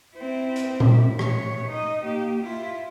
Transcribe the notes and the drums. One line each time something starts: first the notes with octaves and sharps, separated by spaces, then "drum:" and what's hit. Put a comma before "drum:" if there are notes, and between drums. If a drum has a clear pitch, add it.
C4 E4
drum: hi-hat
E4, drum: tom A#2
A2 C#5, drum: rim click
D#4 D#5
A#3 G4
E4 F4